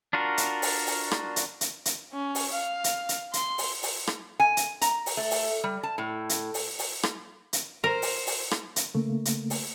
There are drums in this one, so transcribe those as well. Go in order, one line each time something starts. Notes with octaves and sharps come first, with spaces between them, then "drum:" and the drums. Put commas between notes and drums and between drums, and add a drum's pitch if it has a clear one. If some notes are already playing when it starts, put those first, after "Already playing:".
D4 F4 F#4 A#4
drum: hi-hat
drum: open hi-hat
drum: open hi-hat
drum: rim click
drum: hi-hat
drum: hi-hat
drum: hi-hat
C#4
drum: open hi-hat
F5
drum: hi-hat
drum: hi-hat
C6, drum: hi-hat
drum: open hi-hat
drum: open hi-hat
drum: rim click
G#5
drum: hi-hat
A#5, drum: hi-hat
drum: open hi-hat
A3
drum: open hi-hat
G3
A5
A2
drum: hi-hat
drum: open hi-hat
drum: open hi-hat
drum: rim click
drum: hi-hat
A#4 C5
drum: open hi-hat
drum: open hi-hat
drum: rim click
drum: hi-hat
C#3 A3 A#3
drum: hi-hat
drum: open hi-hat